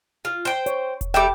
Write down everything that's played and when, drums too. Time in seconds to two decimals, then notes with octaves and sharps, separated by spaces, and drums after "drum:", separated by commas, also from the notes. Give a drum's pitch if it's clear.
0.25 F4
0.45 C5 G5
0.66 C#5, drum: hi-hat
1.01 drum: kick E1, hi-hat
1.14 G3 A4 E5 G5 D6